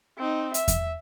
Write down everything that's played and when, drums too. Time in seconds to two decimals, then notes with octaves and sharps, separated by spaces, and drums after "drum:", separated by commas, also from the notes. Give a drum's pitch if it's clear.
0.18 C4 D#4
0.54 E5, drum: hi-hat
0.68 drum: kick E2, hi-hat